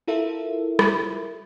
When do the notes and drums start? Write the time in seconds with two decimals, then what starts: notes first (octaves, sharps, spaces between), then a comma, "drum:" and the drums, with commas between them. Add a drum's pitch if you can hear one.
0.08 E4 F4 A4 A#4 E5
0.79 drum: rim click